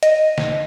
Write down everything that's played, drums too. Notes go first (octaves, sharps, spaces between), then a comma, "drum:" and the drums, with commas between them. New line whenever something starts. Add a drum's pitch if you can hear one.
D#5, drum: hi-hat
drum: snare